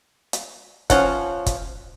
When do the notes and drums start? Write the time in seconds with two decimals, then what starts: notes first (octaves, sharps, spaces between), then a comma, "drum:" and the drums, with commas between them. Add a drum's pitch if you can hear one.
0.33 drum: hi-hat
0.90 F3 C#4 F#5, drum: kick, hi-hat
1.46 drum: kick, hi-hat